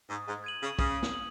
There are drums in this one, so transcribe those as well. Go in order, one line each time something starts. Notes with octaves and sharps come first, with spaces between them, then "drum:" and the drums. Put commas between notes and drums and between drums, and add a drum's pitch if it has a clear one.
G#2 D#6
G#2
G#6 D#7 F#7
C#3
C#3 D#6, drum: kick
drum: snare
F#7